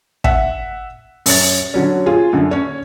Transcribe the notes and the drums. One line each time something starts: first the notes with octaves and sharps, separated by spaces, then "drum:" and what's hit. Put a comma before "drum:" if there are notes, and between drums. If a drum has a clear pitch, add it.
E5 F#5, drum: kick
F#2 C#5 A6, drum: open hi-hat
D3 F#3 C#4
F4 G#4
F#2 D3
C#4 C#5